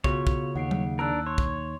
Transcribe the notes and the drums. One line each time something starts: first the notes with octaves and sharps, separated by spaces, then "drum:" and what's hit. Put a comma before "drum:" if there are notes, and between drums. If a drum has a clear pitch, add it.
C#3 B3 F4 F#4 C#5, drum: kick
drum: kick
D#2 F#5 C7 D7
drum: tom F#3
D4 A#4 A5 E6 F#6
C#5 C6
drum: kick